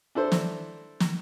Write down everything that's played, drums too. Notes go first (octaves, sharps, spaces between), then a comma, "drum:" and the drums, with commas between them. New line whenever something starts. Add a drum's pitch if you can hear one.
D4 E4 A4 C5
drum: snare
drum: snare